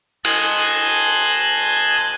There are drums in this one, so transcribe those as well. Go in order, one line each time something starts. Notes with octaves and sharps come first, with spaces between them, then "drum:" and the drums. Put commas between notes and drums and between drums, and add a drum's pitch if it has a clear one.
D#5 G#5 A5 C6 F#6 G#6, drum: cymbal